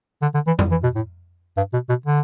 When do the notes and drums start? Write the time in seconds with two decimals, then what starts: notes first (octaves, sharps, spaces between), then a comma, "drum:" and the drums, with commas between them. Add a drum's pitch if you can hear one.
0.22 D3
0.34 D3
0.47 E3
0.59 G3, drum: tom
0.71 E3
0.83 B2
0.96 A2
1.57 G2
1.73 B2
1.89 B2
2.06 D3